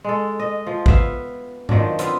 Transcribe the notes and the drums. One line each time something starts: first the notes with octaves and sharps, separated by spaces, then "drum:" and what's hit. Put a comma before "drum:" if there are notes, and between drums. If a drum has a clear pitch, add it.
G#3 A4
D#5
F3
B3 E5 F5, drum: kick A1
D#3 F3 F#3 D4, drum: tom G#2
B3 C4 F4, drum: hi-hat